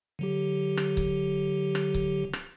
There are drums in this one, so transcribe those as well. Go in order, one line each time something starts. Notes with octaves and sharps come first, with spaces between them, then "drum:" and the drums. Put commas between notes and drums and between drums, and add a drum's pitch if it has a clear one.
D3 F#3 G4
drum: rim click
drum: kick C#1
drum: rim click
drum: kick C#1
drum: rim click